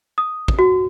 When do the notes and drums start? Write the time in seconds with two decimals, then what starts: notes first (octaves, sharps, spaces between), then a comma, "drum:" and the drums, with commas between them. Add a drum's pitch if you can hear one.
0.18 D#6
0.48 drum: kick
0.59 F#4